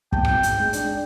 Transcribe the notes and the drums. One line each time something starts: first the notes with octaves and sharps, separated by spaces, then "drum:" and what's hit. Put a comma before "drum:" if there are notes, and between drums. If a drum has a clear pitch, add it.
A1 G5 A5, drum: kick
G#1, drum: rim click
drum: hi-hat
G#3
D4, drum: hi-hat